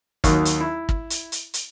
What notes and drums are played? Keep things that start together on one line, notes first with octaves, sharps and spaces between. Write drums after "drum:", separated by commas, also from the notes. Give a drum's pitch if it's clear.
D#2 D#3 F#3, drum: kick, hi-hat
drum: hi-hat
E4
drum: kick
drum: hi-hat
drum: hi-hat
drum: hi-hat